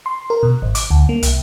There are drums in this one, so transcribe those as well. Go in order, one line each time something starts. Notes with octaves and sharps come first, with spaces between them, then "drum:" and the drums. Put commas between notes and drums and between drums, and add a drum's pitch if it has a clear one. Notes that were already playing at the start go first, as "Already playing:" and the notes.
C6
A#4
B2
G#1
D6, drum: hi-hat
D2
A#3
C2, drum: hi-hat